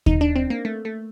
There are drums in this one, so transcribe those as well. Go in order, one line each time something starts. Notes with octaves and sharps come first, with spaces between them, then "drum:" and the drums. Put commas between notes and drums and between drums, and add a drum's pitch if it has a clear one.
D#4, drum: kick D#2
D4
C4
A#3
A3
A3